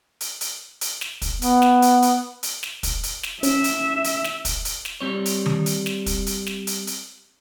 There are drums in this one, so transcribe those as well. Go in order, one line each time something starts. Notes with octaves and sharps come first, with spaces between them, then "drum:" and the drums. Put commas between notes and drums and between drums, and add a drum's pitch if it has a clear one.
drum: hi-hat
drum: hi-hat
drum: hi-hat
drum: snare
drum: kick, hi-hat
B3, drum: hi-hat
drum: snare
drum: hi-hat
drum: hi-hat
drum: hi-hat
drum: snare
drum: kick, hi-hat
drum: hi-hat
drum: snare
C#4 E5, drum: hi-hat
drum: hi-hat
drum: hi-hat
drum: snare
drum: kick, hi-hat
drum: hi-hat
drum: snare
G3 C4 C#5
drum: hi-hat
drum: tom D#3
drum: hi-hat
drum: snare
drum: kick, hi-hat
drum: hi-hat
drum: snare
drum: hi-hat
drum: hi-hat